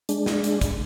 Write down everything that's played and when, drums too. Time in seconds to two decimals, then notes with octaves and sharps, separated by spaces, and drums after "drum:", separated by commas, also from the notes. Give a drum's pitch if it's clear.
0.09 G#3 D4, drum: hi-hat
0.26 drum: snare
0.44 drum: hi-hat
0.61 drum: kick, hi-hat